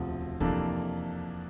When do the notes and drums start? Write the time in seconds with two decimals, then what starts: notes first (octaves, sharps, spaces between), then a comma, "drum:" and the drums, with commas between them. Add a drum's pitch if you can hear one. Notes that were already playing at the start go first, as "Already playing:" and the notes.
Already playing: E1 D2 C3 F3
0.40 F2 C3 E3 A#3 D4 A4, drum: kick